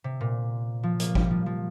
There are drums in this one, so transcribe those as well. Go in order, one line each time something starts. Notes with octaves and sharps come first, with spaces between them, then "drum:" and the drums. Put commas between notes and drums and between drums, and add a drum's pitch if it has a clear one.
C3
A#2
F3
A#3, drum: hi-hat
G3, drum: kick G#1
F3
F3